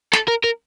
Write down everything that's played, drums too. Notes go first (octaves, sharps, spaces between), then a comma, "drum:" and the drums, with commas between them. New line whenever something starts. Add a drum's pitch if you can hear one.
A4, drum: snare
A#4
A#4